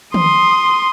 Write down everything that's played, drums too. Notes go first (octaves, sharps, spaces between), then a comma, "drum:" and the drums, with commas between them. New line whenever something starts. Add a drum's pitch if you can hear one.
C6 D#6, drum: tom